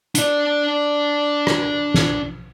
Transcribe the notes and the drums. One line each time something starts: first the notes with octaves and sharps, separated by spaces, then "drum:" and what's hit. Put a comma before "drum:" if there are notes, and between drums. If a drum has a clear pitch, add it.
D4 D5, drum: hi-hat
drum: rim click
drum: snare